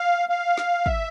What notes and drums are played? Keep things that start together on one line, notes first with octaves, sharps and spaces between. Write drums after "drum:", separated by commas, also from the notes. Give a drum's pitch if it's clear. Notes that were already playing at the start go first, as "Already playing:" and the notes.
Already playing: F5
F5
drum: snare
E5, drum: kick